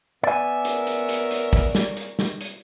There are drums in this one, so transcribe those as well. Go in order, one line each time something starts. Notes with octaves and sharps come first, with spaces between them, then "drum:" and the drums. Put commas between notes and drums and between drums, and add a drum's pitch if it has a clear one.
B3 D5 E5 G#5
C#4 A#4, drum: hi-hat
drum: hi-hat
drum: hi-hat
drum: hi-hat
drum: kick, open hi-hat
drum: snare
drum: hi-hat
drum: snare
drum: hi-hat